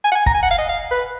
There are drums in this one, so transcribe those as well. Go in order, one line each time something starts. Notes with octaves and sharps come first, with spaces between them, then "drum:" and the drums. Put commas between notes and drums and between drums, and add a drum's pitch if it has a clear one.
G#5
F#5
G#5
A#5, drum: kick
G#5
F#5
F5
D#5
F5
B4